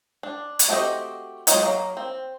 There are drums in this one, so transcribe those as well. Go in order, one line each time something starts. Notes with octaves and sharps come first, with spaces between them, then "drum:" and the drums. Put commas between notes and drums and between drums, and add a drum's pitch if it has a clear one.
D4
drum: hi-hat
A3 C4 F#4 G4 D#5
F#3 G#3 A#3 D#4 F4, drum: hi-hat
F#3 A#3
C4